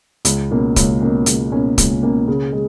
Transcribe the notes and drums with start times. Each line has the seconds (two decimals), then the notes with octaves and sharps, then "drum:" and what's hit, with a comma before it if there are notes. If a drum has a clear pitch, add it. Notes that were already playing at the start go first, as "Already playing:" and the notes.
0.25 C#2, drum: hi-hat
0.51 B2 A#3 C#4
0.76 C#2, drum: kick, hi-hat
1.02 B2 A#3 C#4
1.26 C#2, drum: hi-hat
1.52 B2 A#3 C#4
1.78 C#2, drum: kick, hi-hat
2.03 B2 A#3 C#4
2.28 C#3
2.53 G#3